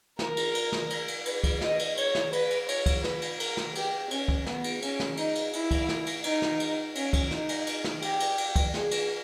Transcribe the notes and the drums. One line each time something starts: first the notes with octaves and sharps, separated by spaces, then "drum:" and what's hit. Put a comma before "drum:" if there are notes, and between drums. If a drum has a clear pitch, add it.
A#4, drum: snare
drum: cymbal
drum: cymbal
drum: snare
drum: cymbal
drum: cymbal
B4, drum: cymbal
drum: kick, cymbal
D#5, drum: snare
drum: cymbal
C#5, drum: cymbal
drum: snare
B4, drum: cymbal
drum: cymbal
C#5, drum: cymbal
drum: kick, cymbal
B4, drum: snare
drum: cymbal
A#4, drum: cymbal
drum: snare
G4, drum: cymbal
C#4, drum: cymbal
drum: kick
B3, drum: snare
drum: cymbal
C#4, drum: cymbal
drum: snare
D#4, drum: cymbal
drum: cymbal
E4, drum: cymbal
drum: kick, cymbal
drum: snare
drum: cymbal
D#4, drum: cymbal
drum: snare
drum: cymbal
C#4, drum: cymbal
drum: kick, cymbal
D#4, drum: snare
drum: cymbal
drum: cymbal
drum: snare
G4, drum: cymbal
drum: cymbal
drum: cymbal
drum: kick, cymbal
G#4, drum: snare
drum: cymbal